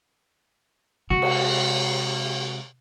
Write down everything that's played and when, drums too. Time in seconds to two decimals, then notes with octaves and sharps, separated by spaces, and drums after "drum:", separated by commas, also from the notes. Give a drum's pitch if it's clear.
1.10 C3 G#3 F#4
1.22 drum: cymbal